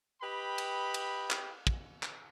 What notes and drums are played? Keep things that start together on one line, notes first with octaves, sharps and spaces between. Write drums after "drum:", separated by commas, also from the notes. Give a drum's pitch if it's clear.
G4 B4 D#5 G5 B5
drum: cymbal
drum: cymbal
drum: clap
drum: kick
drum: clap